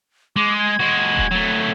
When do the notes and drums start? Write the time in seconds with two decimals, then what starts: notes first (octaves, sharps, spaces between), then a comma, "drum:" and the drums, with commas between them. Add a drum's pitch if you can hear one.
0.36 G#3 D6
0.59 G#6
0.79 G#3 F#4
1.17 drum: kick D#1
1.31 F#3 A3